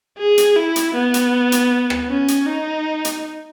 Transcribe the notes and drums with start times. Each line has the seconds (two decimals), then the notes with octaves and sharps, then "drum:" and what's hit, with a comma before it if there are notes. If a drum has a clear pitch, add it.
0.18 G#4
0.38 drum: hi-hat
0.57 E4
0.76 drum: hi-hat
0.95 B3
1.14 drum: hi-hat
1.52 drum: hi-hat
1.90 drum: rim click
2.09 C#4
2.28 drum: hi-hat
2.47 D#4
3.05 drum: hi-hat